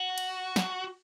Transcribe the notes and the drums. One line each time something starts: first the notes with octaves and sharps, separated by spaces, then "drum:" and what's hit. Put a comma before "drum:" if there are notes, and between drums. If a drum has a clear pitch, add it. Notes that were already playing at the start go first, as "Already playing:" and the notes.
Already playing: F#4
drum: cymbal
drum: snare